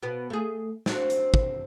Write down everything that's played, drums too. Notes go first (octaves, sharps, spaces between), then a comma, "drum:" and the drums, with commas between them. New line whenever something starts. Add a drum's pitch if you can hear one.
B2 B3
A3 G#4
C4 D4 F#4, drum: snare
drum: hi-hat
drum: kick